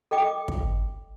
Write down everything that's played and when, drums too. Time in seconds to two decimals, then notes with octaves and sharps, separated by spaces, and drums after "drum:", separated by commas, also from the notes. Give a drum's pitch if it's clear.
0.11 A4 D#5 G5 D6
0.48 drum: kick